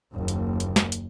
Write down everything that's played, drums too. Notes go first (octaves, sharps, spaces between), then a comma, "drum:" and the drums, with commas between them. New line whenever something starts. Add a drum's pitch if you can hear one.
F#1 D#2
drum: hi-hat
drum: hi-hat
drum: snare
drum: hi-hat